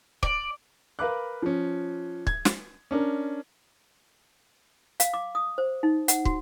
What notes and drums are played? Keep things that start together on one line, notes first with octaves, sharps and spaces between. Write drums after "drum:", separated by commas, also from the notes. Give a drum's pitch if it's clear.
D5, drum: kick
A#4 B4 F5 B5 D6 F#6
F3 C#4
G#6, drum: kick
drum: snare
C#4 D4 A#4
F5, drum: hi-hat
D6
D#6
C5
D#4
F#5, drum: hi-hat
F#4, drum: kick